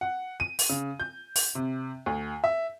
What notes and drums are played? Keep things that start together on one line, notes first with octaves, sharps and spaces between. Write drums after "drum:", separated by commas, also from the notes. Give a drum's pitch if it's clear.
F#5
D#7
drum: open hi-hat
C#3
G6
drum: open hi-hat
C3
D2
E5